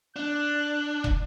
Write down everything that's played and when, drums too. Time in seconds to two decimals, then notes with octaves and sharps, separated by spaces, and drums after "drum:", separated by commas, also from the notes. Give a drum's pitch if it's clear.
0.16 D4 F#6
1.04 drum: kick